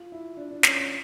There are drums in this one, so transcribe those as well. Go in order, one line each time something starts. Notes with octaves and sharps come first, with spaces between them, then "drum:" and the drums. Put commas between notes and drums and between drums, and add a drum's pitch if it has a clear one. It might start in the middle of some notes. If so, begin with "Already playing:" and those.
Already playing: F4
E4
D4
D4
C#4, drum: snare
C#4